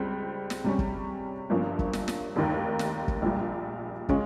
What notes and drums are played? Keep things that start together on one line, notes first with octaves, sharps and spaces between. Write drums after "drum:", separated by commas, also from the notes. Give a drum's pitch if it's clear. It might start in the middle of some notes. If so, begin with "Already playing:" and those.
Already playing: C#2 G3 C4
drum: snare
C3 G3 C#4
drum: kick
G1 G2 F3 A#3 C#4
drum: kick
drum: snare
drum: snare
F1 D#2 D#3 A#3
drum: snare
drum: kick
A#1 A#2 G3
C#3 G#3 C#4 F4, drum: kick